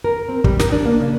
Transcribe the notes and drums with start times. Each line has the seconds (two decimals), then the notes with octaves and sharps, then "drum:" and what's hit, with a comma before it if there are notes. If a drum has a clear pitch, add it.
0.04 A#4
0.29 C4
0.44 G3, drum: kick
0.59 A#4, drum: snare
0.72 D4
0.85 A#3
1.00 C#3